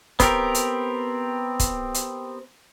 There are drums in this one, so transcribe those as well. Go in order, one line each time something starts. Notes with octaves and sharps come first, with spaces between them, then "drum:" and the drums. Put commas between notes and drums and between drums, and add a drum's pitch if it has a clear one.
B3 C4 G4 A#4, drum: kick, hi-hat
drum: hi-hat
drum: kick, hi-hat
drum: hi-hat